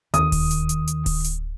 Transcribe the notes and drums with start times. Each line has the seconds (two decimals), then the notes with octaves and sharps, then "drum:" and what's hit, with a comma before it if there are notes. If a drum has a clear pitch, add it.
0.14 D#2 D#3 D#6, drum: hi-hat
0.32 drum: kick D1, open hi-hat
0.51 drum: hi-hat
0.69 drum: hi-hat
0.87 drum: hi-hat
1.06 drum: kick D1, open hi-hat
1.24 drum: hi-hat